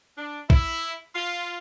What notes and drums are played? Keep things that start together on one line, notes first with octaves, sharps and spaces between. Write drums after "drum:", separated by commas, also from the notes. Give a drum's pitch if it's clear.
D4
E4, drum: kick A#1
F4